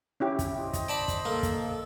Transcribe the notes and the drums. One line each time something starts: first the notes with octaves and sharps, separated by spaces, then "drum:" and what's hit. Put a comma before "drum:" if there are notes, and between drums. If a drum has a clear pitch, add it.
C#4 E4 G4
drum: kick, hi-hat
C5 D#5
drum: kick, hi-hat
D5 A5 B5
drum: kick, hi-hat
A#3 A4
drum: kick, hi-hat